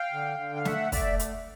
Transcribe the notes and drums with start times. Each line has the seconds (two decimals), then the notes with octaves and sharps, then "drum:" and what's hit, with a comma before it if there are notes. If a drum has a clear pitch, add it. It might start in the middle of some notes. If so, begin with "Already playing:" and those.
Already playing: F5 G5
0.13 D3
0.39 D3
0.56 F5
0.65 A3 E5 F#5, drum: snare
0.92 A3 D5 E5, drum: kick, open hi-hat
1.19 drum: hi-hat